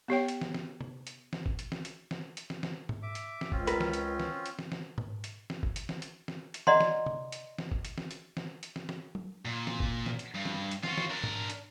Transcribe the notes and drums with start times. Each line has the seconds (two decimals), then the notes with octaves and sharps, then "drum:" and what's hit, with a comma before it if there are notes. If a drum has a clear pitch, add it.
0.08 B3 G4 C#5 G5
0.28 drum: hi-hat
0.41 drum: snare
0.54 drum: snare
0.81 drum: tom C3
1.07 drum: hi-hat
1.33 drum: snare
1.46 drum: kick
1.59 drum: hi-hat
1.72 drum: snare
1.85 drum: hi-hat
2.11 drum: snare
2.37 drum: hi-hat
2.50 drum: snare
2.63 drum: snare
2.89 drum: tom G#2
3.02 E5 D6
3.15 drum: hi-hat
3.41 drum: snare
3.52 C#2 C4 C#4 F4, drum: kick
3.67 A#4 B4, drum: hi-hat
3.80 drum: snare
3.93 drum: hi-hat
4.20 drum: snare
4.46 drum: hi-hat
4.59 drum: snare
4.72 drum: snare
4.98 drum: tom G#2
5.24 drum: hi-hat
5.50 drum: snare
5.63 drum: kick
5.76 drum: hi-hat
5.89 drum: snare
6.02 drum: hi-hat
6.28 drum: snare
6.54 drum: hi-hat
6.67 D5 D#5 F#5 A#5 C6, drum: snare
6.80 drum: snare
7.06 drum: tom C3
7.32 drum: hi-hat
7.58 drum: snare
7.72 drum: kick
7.85 drum: hi-hat
7.98 drum: snare
8.11 drum: hi-hat
8.37 drum: snare
8.63 drum: hi-hat
8.76 drum: snare
8.89 drum: snare
9.15 drum: tom F#3
9.45 A#2
9.67 drum: snare
9.80 drum: kick
10.06 drum: snare
10.19 drum: hi-hat
10.34 G2
10.45 drum: snare
10.71 drum: hi-hat
10.83 F4 F#4, drum: snare
10.97 drum: snare
11.10 D4 A#4
11.24 drum: tom G#2
11.50 drum: hi-hat